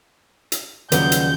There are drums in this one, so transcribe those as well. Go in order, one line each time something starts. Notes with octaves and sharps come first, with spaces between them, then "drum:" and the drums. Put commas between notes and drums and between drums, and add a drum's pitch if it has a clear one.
drum: hi-hat
D#2 C#3 F3 F#3 B4 D5 G6, drum: hi-hat
drum: hi-hat